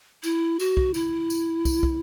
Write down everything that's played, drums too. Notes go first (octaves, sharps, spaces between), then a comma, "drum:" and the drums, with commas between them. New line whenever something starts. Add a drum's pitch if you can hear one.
E4, drum: tambourine
F#4, drum: tambourine
drum: kick
E4, drum: tambourine
drum: tambourine
drum: kick, tambourine
drum: kick